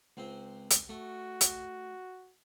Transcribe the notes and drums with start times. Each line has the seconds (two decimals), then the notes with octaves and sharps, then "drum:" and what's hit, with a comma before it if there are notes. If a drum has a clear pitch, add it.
0.17 C#2 C4
0.70 drum: hi-hat
0.89 A3 F#4
1.41 drum: hi-hat